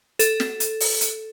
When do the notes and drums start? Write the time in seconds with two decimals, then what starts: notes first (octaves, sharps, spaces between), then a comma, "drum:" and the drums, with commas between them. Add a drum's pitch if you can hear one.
0.19 A4, drum: hi-hat
0.40 drum: snare
0.60 drum: hi-hat
0.80 drum: open hi-hat
1.01 drum: hi-hat